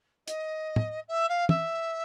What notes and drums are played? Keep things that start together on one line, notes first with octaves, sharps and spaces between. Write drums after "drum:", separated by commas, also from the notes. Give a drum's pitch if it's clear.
D#5, drum: hi-hat
drum: tom
E5
F5
E5, drum: tom